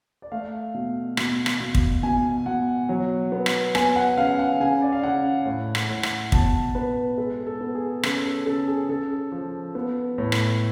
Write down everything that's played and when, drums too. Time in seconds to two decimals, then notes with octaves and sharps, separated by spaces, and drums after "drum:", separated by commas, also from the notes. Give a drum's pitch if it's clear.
0.22 D5
0.32 A3 F5
0.74 B2
1.17 B2, drum: rim click
1.46 drum: rim click
1.60 B2
1.75 drum: kick
2.03 B2 G#5
2.46 B2 F#5
2.89 F#3
3.32 B3
3.46 drum: rim click
3.75 B3 G#5, drum: rim click
3.96 F#5
4.17 C#3 F5
4.39 F#5
4.60 C#3 G#5
4.82 D5
4.93 F5
5.03 C#3 F#5
5.46 A2
5.75 drum: rim click
5.89 A2
6.03 drum: rim click
6.32 B2 A5, drum: kick
6.75 B3 B4
7.17 G#3 A4
7.47 A4
7.61 B3
7.75 G#4
8.03 C#3 A4, drum: rim click
8.25 A4
8.46 C#3 A4
8.67 G#4
8.89 C#3 A4
9.32 F3
9.75 B3
10.18 A2
10.32 drum: rim click